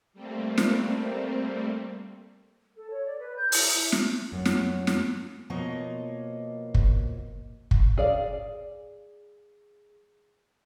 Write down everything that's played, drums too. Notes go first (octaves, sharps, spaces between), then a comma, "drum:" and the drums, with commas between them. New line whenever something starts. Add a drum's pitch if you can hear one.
G3 A3 A#3 C4
drum: snare
A4
C#5
D5
B4
G6
E4, drum: open hi-hat
E5
drum: snare
F#2
drum: snare
drum: snare
B2 F3 A#3 C#5 D#5
drum: kick
drum: kick
G#4 D5 F5